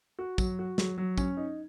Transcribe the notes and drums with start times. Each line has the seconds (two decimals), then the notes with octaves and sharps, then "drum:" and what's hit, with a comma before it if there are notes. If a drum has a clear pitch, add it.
0.19 F#4
0.38 F#3, drum: kick, tambourine
0.59 F#4
0.78 F#3, drum: snare
0.98 F#3
1.18 C#4, drum: kick, tambourine
1.37 D#4